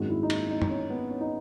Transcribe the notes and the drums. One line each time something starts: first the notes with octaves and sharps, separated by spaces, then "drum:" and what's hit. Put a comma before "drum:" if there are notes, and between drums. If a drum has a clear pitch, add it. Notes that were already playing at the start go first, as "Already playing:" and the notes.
Already playing: G#1 F#2 D#3 G#3 F#4
E4
D#4
E4, drum: cymbal
D#4
D#4, drum: tom
C#4
B3
C#4
D#4